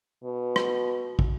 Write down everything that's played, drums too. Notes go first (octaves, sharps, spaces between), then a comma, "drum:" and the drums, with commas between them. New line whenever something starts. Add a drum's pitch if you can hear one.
B2
drum: rim click
drum: kick